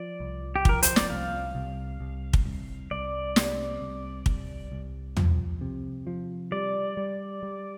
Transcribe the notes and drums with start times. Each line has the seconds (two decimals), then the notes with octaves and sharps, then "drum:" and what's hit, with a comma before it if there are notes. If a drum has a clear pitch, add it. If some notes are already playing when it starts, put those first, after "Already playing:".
Already playing: F3 D5
0.20 C2
0.56 G4
0.65 F3 A#4, drum: kick
0.83 C5, drum: hi-hat
0.96 D5, drum: snare
1.10 C2 F5
1.55 C2
2.01 C2
2.33 drum: kick
2.45 C2
2.91 C2 D5
3.36 C3, drum: snare
3.81 C2
4.26 C2, drum: kick
4.72 C2
5.17 F3, drum: tom
5.61 C3
6.07 F3
6.52 G3 D5
6.97 G3
7.43 G3